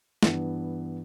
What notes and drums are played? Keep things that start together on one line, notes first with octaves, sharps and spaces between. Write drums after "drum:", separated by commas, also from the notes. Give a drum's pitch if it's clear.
G2 E3 B3, drum: snare